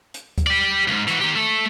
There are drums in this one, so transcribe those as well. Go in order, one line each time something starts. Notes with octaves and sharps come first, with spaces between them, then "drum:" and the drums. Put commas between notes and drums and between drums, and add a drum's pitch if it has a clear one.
drum: hi-hat
drum: kick D2, hi-hat
G4 D5
C2 G#2
E3 F#4, drum: hi-hat
D#3 G4
A3 A4